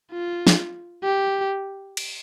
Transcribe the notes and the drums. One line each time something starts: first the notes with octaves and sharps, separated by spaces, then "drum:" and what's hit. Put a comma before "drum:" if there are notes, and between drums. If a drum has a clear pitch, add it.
F4
drum: snare
G4
drum: cymbal